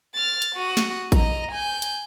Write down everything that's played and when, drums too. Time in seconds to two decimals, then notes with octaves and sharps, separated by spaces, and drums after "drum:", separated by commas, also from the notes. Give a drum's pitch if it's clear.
0.14 F6 A6
0.42 drum: hi-hat
0.55 F#4 D#6
0.77 drum: snare
1.12 D#5 A#5, drum: kick A1, hi-hat
1.52 G#5 G6
1.82 drum: hi-hat